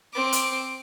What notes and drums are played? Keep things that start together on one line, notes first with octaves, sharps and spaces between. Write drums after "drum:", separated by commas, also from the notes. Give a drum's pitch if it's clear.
C4 D6
drum: hi-hat